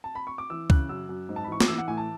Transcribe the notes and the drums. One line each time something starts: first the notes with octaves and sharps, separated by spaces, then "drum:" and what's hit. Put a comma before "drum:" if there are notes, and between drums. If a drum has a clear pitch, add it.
A5
B5
C#6
D6
E3 E6
C#3 F#6, drum: kick C#2
F#2 E6
F#2
G#2
A5
B5
E3 C#6
D6, drum: snare
E3 E6
F#5
A2 G#5
A5